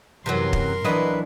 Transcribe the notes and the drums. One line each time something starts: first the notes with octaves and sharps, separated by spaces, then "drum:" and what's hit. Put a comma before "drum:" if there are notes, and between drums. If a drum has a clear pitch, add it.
F#2 C3 E3 F#3 A#4 C6
drum: kick
E3 F#3 D4 E4 B4 D#5